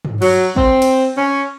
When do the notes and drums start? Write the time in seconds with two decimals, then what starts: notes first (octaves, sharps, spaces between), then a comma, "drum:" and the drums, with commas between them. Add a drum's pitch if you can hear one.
0.05 drum: tom
0.22 F#3, drum: cymbal
0.56 C4, drum: kick
0.82 drum: cymbal
1.18 C#4